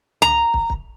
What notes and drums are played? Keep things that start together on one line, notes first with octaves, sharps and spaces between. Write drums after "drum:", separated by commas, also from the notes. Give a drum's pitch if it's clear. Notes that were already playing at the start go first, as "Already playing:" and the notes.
A#5, drum: tom
drum: kick
drum: kick